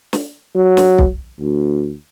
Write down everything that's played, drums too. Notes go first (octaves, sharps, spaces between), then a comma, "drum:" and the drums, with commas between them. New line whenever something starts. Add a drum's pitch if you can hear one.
drum: snare
F#3
drum: snare
drum: kick B1
D2